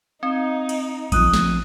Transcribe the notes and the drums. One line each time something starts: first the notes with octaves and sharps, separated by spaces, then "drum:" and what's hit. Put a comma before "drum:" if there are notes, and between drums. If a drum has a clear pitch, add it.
C4 D#4
drum: cymbal
F3 C4 D#6 F#6 D#7, drum: kick A1, cymbal
drum: snare